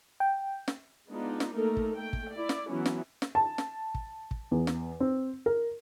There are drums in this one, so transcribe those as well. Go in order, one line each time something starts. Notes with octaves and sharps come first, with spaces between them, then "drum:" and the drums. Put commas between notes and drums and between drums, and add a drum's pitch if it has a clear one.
G5
drum: snare
G#3 B3 D4 D#4 F4
drum: snare
A3 A#3 D#4 A4 A#4
drum: kick
A3 G5
drum: kick
E4 D5
drum: snare
E3 F#3 B3 C#4 E4
drum: snare
drum: snare
A5
drum: snare
drum: kick
drum: kick
E2
drum: snare
C4
A#4